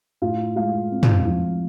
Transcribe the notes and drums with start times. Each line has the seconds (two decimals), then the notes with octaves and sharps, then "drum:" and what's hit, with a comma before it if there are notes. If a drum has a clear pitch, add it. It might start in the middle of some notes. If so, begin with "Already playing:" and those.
0.22 A2 F4 F5
0.56 G#3 F4 F5
0.92 C4
1.03 drum: tom
1.25 F3